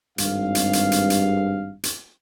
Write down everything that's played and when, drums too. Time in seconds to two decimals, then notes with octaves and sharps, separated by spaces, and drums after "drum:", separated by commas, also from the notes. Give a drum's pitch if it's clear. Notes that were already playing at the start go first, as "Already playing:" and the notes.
0.18 G#1 G2 F5, drum: hi-hat
0.55 drum: hi-hat
0.73 drum: hi-hat
0.92 drum: hi-hat
1.10 drum: hi-hat
1.83 drum: hi-hat